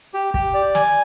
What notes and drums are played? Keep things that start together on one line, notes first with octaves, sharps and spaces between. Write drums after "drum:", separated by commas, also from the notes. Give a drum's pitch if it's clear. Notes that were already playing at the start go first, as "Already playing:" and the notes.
G4
G4, drum: kick
D5
G#5, drum: snare